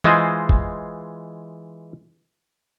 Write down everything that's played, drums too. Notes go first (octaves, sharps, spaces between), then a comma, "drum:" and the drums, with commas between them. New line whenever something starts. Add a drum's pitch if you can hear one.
E3 G#3 F4 G#4 C5 D#5, drum: tom
drum: kick